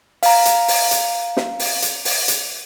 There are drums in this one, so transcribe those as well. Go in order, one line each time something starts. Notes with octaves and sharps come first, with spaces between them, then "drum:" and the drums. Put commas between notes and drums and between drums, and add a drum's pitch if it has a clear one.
F5 A#5, drum: open hi-hat
drum: hi-hat
drum: open hi-hat
drum: hi-hat
drum: snare
drum: open hi-hat
drum: hi-hat
drum: open hi-hat
drum: hi-hat